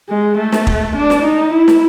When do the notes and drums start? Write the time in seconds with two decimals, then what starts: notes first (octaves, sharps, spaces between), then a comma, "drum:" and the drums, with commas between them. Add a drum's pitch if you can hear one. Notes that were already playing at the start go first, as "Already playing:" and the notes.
0.09 G#3
0.38 A3
0.52 drum: snare
0.67 drum: kick
0.96 D4
1.10 drum: snare
1.25 D#4
1.53 E4
1.68 drum: snare